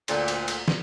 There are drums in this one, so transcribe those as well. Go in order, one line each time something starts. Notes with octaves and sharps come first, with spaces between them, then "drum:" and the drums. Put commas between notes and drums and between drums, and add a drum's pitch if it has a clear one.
D2 A#2 D3, drum: cymbal
drum: cymbal
drum: cymbal
drum: snare